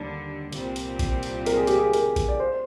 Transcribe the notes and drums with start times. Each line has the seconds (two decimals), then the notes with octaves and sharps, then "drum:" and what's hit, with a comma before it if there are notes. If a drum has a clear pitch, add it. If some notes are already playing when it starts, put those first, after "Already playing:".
Already playing: D#2 D3 G3
0.52 C2 A#2 G3 C4, drum: hi-hat
0.76 drum: hi-hat
0.99 drum: kick A#1, hi-hat
1.23 drum: hi-hat
1.46 A#4, drum: hi-hat
1.56 G#4
1.67 G4, drum: hi-hat
1.78 G#4
1.94 A#4, drum: hi-hat
2.16 drum: kick A#1, hi-hat
2.29 D5
2.40 C5